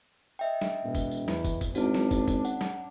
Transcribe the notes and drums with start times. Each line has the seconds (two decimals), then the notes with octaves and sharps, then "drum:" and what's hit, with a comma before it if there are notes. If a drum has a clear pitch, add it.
0.39 D#5 E5 G5
0.61 drum: snare
0.84 E1 B2
0.95 drum: kick, tambourine
1.11 drum: tambourine
1.28 E2 E3, drum: snare
1.45 drum: kick, tambourine
1.61 drum: kick, tambourine
1.75 G#1 C#4 D4 E4 F#4, drum: tambourine
1.94 drum: snare
2.11 drum: kick, tambourine
2.28 drum: kick, tambourine
2.45 F#5, drum: tambourine
2.61 drum: snare